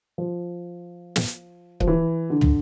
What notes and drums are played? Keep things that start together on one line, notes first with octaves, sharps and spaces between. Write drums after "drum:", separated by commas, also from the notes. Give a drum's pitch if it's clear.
F3
drum: snare
F3, drum: kick C#1
E3
D3
drum: tom